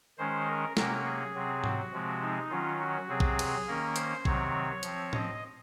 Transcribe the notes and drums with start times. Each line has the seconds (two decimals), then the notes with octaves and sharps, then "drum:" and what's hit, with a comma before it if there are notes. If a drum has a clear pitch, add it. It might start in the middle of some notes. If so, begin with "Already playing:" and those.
0.18 D#3 G#3 C#4 C5
0.48 A#4
0.77 C3 F#3 A#3 C#4 A#4, drum: snare
1.05 G#4
1.34 C3 F#3 C4
1.64 F#4, drum: tom G#2
1.93 C3 F3 G#3 C4
2.22 D#4
2.50 D#3 F#3 C#4 F4
2.80 F#4
3.08 C3 F#3 C4 G#4
3.20 drum: kick A#1
3.39 drum: cymbal
3.68 D#3 A#3 C#4 A#4
3.96 C5, drum: hi-hat
4.25 C3 D#3 F#3 C4 C#5, drum: kick A#1
4.83 F3 C4, drum: hi-hat
5.13 D#5, drum: tom A2